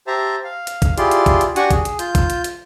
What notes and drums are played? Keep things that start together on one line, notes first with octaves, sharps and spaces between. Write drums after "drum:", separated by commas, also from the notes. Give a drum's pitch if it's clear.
G4 C5 E5 A5 A#5
F5
drum: hi-hat
drum: kick, hi-hat
E4 F4 G4 G#4 D5 C6, drum: hi-hat
drum: hi-hat
drum: kick, hi-hat
drum: hi-hat
D4 F#4 G4 F#5 G#5 C#6, drum: hi-hat
G#4, drum: kick, hi-hat
drum: hi-hat
F4 G6, drum: hi-hat
drum: kick, hi-hat
drum: hi-hat
drum: hi-hat